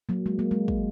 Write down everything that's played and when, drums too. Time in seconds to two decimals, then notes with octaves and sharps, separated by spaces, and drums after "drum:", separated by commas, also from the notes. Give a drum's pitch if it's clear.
0.09 F#3 A#3
0.26 G#3
0.39 A#3
0.51 G#3
0.68 drum: kick